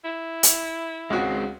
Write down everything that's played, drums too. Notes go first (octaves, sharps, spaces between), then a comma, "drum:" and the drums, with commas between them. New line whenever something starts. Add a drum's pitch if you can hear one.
E4
drum: hi-hat
C#2 G#3 C4 F#4